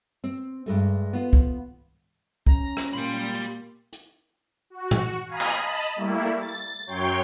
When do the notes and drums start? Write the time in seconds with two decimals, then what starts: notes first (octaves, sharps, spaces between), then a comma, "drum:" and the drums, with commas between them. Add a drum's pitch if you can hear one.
0.24 C4
0.66 G2 G#3 A3
1.13 B3 F4
1.33 drum: kick
2.47 C#4 A#5, drum: kick
2.77 drum: rim click
2.93 A#2 G4 B5 C6
3.93 drum: hi-hat
4.70 F#4
4.91 drum: tom
5.27 F5 G#5 A#5 B5 D#6
5.41 drum: clap
5.59 D#5 A5 B5
5.96 G3 A3 A#3 E4
6.38 A6
6.86 F#2 F#3 C#5 G5 C6 G6